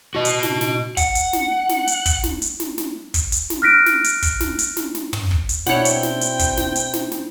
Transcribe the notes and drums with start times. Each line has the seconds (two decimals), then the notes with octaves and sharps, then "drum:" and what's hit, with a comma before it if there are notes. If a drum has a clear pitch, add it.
0.15 F#4 D#5
0.25 drum: hi-hat
0.43 drum: snare
0.61 drum: snare
0.97 F#5, drum: kick, hi-hat
1.15 drum: hi-hat
1.33 drum: snare
1.69 drum: snare
1.87 drum: hi-hat
2.06 drum: kick, hi-hat
2.24 drum: snare
2.42 drum: hi-hat
2.60 drum: snare
2.78 drum: snare
3.14 drum: kick, hi-hat
3.32 drum: hi-hat
3.50 drum: snare
3.62 F6 F#6 A#6 B6 D7
3.86 drum: snare
4.04 drum: hi-hat
4.22 drum: kick, hi-hat
4.41 drum: snare
4.59 drum: hi-hat
4.77 drum: snare
4.95 drum: snare
5.13 drum: tom
5.31 drum: kick
5.49 drum: hi-hat
5.67 B2 C4 D4 E4 C#5 F#5 G5, drum: snare
5.85 drum: hi-hat
6.03 drum: snare
6.21 drum: hi-hat
6.39 drum: kick, hi-hat
6.57 drum: snare
6.76 drum: hi-hat
6.94 drum: snare
7.12 drum: snare